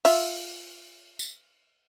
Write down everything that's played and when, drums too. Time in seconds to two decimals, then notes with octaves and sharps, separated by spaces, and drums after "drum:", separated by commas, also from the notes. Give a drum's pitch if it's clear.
0.05 F4 E5, drum: open hi-hat
1.19 drum: tambourine